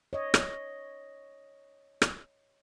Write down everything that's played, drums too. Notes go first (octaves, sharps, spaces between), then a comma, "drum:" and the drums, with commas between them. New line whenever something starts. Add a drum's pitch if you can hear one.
C#5 D#5
drum: rim click
drum: rim click